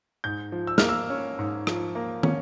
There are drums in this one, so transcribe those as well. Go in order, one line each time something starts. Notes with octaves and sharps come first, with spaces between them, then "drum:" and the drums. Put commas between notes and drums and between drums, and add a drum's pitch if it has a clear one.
G#2 G6
F3
E6
A#3 F6, drum: snare
E6
C#4
G#2
F3, drum: rim click
A#3
C#4, drum: tom